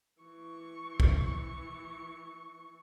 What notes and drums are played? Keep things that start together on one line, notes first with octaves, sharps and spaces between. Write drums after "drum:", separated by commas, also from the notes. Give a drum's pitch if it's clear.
E3 C#6
drum: kick